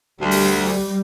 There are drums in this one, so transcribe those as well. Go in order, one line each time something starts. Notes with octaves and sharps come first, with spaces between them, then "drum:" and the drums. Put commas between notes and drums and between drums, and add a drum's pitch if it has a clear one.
D2 G3
drum: open hi-hat